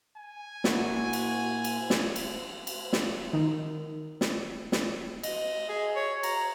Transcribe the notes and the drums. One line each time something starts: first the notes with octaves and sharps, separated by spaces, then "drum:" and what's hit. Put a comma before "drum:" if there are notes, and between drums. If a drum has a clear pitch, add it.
G#5
A#2 E4 F#4, drum: snare
drum: cymbal
drum: cymbal
drum: snare
drum: cymbal
drum: cymbal
drum: snare
D#3
drum: snare
drum: snare
D#5, drum: cymbal
G#4
C#5
A#5, drum: cymbal